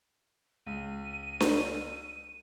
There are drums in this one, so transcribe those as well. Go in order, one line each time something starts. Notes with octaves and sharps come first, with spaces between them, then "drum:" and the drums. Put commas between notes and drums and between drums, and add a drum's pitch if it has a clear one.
C#2 D#7
drum: snare D4